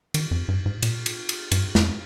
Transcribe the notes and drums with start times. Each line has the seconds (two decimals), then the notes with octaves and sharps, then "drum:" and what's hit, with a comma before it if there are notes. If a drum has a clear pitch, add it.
0.14 D#3, drum: cymbal
0.31 F2
0.48 G2
0.66 G#2
0.82 A#2, drum: cymbal
1.06 drum: cymbal
1.29 drum: cymbal
1.52 G2, drum: cymbal
1.75 F2, drum: snare